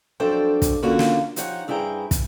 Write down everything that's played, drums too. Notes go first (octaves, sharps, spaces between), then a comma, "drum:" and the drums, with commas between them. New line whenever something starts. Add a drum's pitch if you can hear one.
F2 F#3 D4 A4 C5 G5
drum: kick, hi-hat
D3 A#3 C#4 F4 F#4
drum: snare
F3 D#4 G4 C#5 F#5, drum: hi-hat
G2 E4 G#4 C5 G5 A#5
drum: kick, hi-hat